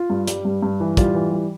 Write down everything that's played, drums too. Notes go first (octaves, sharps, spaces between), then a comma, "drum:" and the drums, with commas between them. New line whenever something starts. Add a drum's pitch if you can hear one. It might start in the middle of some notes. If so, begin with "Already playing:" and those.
Already playing: F4
G2
G3, drum: hi-hat
G2
G2
E3
G3 F4, drum: kick, hi-hat
E3
G3